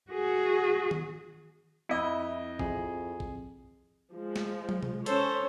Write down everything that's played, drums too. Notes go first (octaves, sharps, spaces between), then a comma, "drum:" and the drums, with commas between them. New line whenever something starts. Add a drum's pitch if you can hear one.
F#4 G#4
drum: tom D#3
F2 E4 D#5
F2 G#4, drum: kick A1
drum: kick A1
F3 G#3
drum: snare
drum: tom
drum: tom B2
C#4 A4 C5 C#5, drum: hi-hat